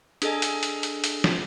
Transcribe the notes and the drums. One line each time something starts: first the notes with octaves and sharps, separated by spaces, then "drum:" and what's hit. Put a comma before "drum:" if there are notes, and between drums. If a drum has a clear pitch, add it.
D4 G#4 A4 D#5 G#5, drum: hi-hat
drum: hi-hat
drum: hi-hat
drum: hi-hat
drum: hi-hat
drum: snare